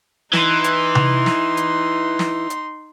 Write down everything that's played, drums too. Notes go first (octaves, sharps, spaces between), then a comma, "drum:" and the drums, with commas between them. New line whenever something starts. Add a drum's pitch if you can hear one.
E3 D#4 C6, drum: snare
drum: hi-hat
drum: tom C3
drum: snare
drum: hi-hat
drum: snare
drum: hi-hat